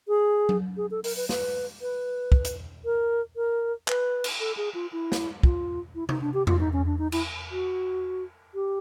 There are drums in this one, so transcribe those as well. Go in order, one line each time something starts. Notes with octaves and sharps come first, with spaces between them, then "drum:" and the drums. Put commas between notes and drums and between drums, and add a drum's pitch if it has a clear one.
G#4
drum: tom F#3
G#4
A4
A#4, drum: open hi-hat
B4
B4, drum: snare
B4
drum: kick
drum: hi-hat
A#4
A#4
B4, drum: clap
drum: cymbal
A4
G#4
F4
E4
drum: snare
F4, drum: kick
E4
D#4, drum: tom C3
D4
G4
F4, drum: tom E2
D#4
C#4
D4
D#4
E4, drum: cymbal
F#4
G4